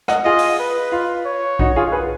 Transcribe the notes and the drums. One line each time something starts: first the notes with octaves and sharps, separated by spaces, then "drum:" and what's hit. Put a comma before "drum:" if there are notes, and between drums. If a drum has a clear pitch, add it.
D#5 F#5, drum: rim click
F4 G#4 D#5
drum: open hi-hat
B4
F4
C#5
D#4 F#4, drum: kick B1
F4 G#4
G#4 B4